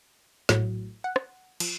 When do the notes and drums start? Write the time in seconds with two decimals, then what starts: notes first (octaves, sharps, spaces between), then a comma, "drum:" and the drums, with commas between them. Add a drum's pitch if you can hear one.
0.49 A#1 A2 F#3, drum: snare
1.04 F#5
1.16 drum: rim click
1.60 F3, drum: cymbal